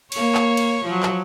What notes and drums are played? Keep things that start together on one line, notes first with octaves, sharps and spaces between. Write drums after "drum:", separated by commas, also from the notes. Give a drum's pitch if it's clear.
A#3 C#5, drum: cymbal
drum: clap
drum: cymbal
F3 F#3
drum: clap